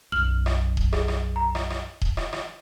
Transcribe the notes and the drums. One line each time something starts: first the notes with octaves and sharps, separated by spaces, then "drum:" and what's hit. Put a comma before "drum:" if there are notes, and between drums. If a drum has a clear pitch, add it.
B1 F#2 F6 F#7
drum: rim click
drum: kick D#1
G#4, drum: rim click
drum: rim click
A#5
drum: rim click
drum: rim click
drum: kick D#1
drum: rim click
drum: rim click